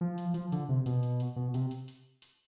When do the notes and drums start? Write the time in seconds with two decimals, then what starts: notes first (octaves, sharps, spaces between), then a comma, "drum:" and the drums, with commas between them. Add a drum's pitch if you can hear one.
0.01 F3
0.18 drum: hi-hat
0.34 F3, drum: hi-hat
0.52 D3, drum: hi-hat
0.69 C3
0.86 B2, drum: hi-hat
1.03 drum: hi-hat
1.20 drum: hi-hat
1.36 B2
1.54 C3, drum: hi-hat
1.71 drum: hi-hat
1.88 drum: hi-hat
2.22 drum: hi-hat